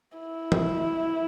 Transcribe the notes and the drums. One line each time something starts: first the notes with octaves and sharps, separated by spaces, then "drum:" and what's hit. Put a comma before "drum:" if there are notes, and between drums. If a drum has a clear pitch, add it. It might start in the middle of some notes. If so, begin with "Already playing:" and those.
E4
drum: tom